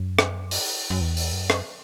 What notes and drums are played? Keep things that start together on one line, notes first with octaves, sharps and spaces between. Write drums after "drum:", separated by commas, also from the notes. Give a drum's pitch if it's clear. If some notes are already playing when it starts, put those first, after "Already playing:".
Already playing: F#2
drum: rim click
drum: open hi-hat
F#2
E2
drum: open hi-hat
F#2
drum: rim click